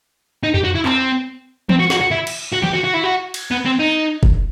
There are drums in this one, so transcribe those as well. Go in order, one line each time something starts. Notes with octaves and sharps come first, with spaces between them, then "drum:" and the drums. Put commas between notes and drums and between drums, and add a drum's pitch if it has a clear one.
D#4
G4, drum: tom F2
F#4
E4
C4, drum: clap
C4, drum: tom E3
F#4
F#4, drum: snare
F#4
E4
drum: cymbal
F#4
G4, drum: tom D#3
F#4
F#4
E4
F#4
drum: cymbal
B3
C4
D#4
drum: kick F#1